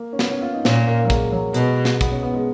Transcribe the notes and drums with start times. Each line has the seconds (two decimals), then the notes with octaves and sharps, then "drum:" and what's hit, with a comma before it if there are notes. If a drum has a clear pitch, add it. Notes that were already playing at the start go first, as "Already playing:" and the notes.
Already playing: A#3
0.13 C#4
0.19 B3, drum: snare
0.30 C#4
0.42 F4
0.54 D#4
0.65 A#2 C#4, drum: snare
0.87 A#3
0.99 A#3
1.05 F#3
1.10 G#3, drum: kick, hi-hat
1.32 F#3
1.54 B2 G#3, drum: hi-hat
1.85 drum: snare
2.01 B3, drum: kick, hi-hat
2.12 C#4
2.23 B3
2.34 G#3